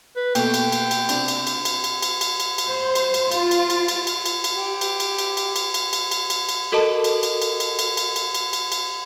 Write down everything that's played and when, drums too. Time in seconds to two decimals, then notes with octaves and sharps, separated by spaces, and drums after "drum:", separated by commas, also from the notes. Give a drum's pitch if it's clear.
0.16 B4
0.35 B2 A3 A#3 G5, drum: cymbal
0.54 drum: cymbal
0.72 drum: cymbal
0.91 drum: cymbal
1.09 C3 D4, drum: cymbal
1.28 drum: cymbal
1.47 drum: cymbal
1.65 drum: cymbal
1.84 drum: cymbal
2.02 drum: cymbal
2.21 drum: cymbal
2.40 drum: cymbal
2.58 drum: cymbal
2.69 C5
2.95 drum: cymbal
3.14 drum: cymbal
3.31 F4, drum: cymbal
3.51 drum: cymbal
3.70 drum: cymbal
3.88 drum: cymbal
4.07 drum: cymbal
4.26 drum: cymbal
4.44 drum: cymbal
4.57 G4
4.81 drum: cymbal
5.00 drum: cymbal
5.18 drum: cymbal
5.37 drum: cymbal
5.56 drum: cymbal
5.74 drum: cymbal
5.93 drum: cymbal
6.11 drum: cymbal
6.30 drum: cymbal
6.49 drum: cymbal
6.72 F#4 A4 A#4 D#5 A5
7.04 drum: cymbal
7.23 drum: cymbal
7.42 drum: cymbal
7.60 drum: cymbal
7.79 drum: cymbal
7.97 drum: cymbal
8.16 drum: cymbal
8.34 drum: cymbal
8.53 drum: cymbal
8.72 drum: cymbal